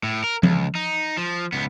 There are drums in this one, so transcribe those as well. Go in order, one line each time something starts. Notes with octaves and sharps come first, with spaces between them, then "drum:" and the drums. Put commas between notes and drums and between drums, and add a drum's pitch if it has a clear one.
A2
A#4
C#2, drum: tom F3
D#4
F3
C#2 B3